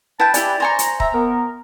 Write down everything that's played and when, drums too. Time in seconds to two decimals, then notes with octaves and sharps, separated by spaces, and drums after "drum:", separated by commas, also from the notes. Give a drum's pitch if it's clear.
0.20 E4 B4 G5 A5
0.34 E4 G4 D5 G#5, drum: hi-hat
0.60 C5 G#5 A#5 C#6
0.79 drum: hi-hat
1.00 E5 A#5, drum: kick
1.14 B3 A#4